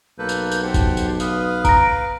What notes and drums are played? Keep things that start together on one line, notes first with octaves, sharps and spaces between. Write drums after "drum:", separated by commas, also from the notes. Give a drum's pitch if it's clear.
B1 A#3 A4 B4 G6
drum: tambourine
drum: tambourine
G4 C5 F#5 A5
drum: kick, tambourine
drum: tambourine
B4 F5 D#6, drum: tambourine
A#5 A#6 D7, drum: kick, tambourine